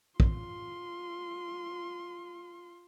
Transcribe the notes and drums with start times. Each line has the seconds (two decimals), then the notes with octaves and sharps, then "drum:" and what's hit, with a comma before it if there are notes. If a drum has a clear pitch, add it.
0.20 F4 C6, drum: kick